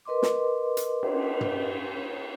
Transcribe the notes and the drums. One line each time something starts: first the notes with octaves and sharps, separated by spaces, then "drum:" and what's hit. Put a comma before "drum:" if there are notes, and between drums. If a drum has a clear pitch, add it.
A#4 B4 D#5 C6 D6
drum: snare
drum: hi-hat
drum: cymbal
drum: tom